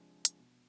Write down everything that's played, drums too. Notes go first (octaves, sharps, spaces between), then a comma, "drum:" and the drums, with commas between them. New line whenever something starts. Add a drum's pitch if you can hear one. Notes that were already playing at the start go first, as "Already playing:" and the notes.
Already playing: C3 F3 G#3 D4
drum: hi-hat
B2